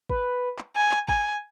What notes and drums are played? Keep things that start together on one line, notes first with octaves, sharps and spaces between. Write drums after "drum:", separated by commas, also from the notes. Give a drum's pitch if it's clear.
B4, drum: kick
drum: clap
G#5
drum: clap
G#5, drum: kick